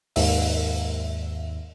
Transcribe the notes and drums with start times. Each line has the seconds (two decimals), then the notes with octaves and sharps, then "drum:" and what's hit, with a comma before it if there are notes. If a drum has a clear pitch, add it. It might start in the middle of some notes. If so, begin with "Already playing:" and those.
0.16 D#2 G#2 E5, drum: open hi-hat